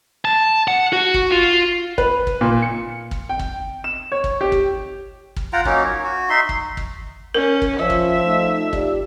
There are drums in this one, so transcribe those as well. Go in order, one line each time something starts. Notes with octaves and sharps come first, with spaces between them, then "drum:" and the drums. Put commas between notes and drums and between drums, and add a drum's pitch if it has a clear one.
A5
F#5
F#4
drum: kick
F4
B4, drum: kick
drum: kick
A#2
C#7
drum: kick
G5
drum: kick
E7
C#5
drum: kick
G4
drum: kick
drum: kick
F4 F#5 G5 A#5
F#3 A#3 C#4 D#4, drum: kick
C#5
F#4
D#4 E5 C6
drum: kick
drum: kick
C#4 A#4
drum: kick
F3 F4 C#5 E5
drum: kick
A3 D#4
F4 G4 D5, drum: kick